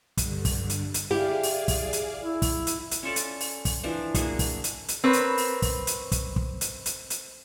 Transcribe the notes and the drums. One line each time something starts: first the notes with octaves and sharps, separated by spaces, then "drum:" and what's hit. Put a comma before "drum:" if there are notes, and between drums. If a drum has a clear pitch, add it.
G2 D3, drum: kick, hi-hat
drum: kick, open hi-hat
drum: hi-hat
drum: hi-hat
E4 G4 G#4 D5 F5
drum: open hi-hat
drum: kick, open hi-hat
drum: hi-hat
E4
drum: kick, open hi-hat
drum: hi-hat
drum: hi-hat
C#4 F4 A4 D5
drum: hi-hat
drum: open hi-hat
drum: kick, open hi-hat
E3 F3 D4
A#3 F#4 G#4 E5, drum: kick, hi-hat
drum: kick, open hi-hat
drum: hi-hat
drum: hi-hat
C4 A#4 B4 C#5
drum: hi-hat
drum: open hi-hat
drum: kick, open hi-hat
drum: hi-hat
drum: kick, hi-hat
drum: kick
drum: hi-hat
drum: hi-hat
drum: hi-hat